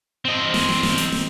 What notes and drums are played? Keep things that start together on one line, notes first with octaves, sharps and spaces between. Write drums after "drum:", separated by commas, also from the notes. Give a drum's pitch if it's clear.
C4 D#5
drum: snare
drum: snare
drum: snare
drum: hi-hat
drum: snare